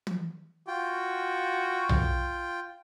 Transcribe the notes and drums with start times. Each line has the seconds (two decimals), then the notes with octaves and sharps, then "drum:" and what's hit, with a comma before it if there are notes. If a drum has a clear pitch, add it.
0.07 drum: tom
0.68 F4 F#4 G5
1.89 drum: tom B1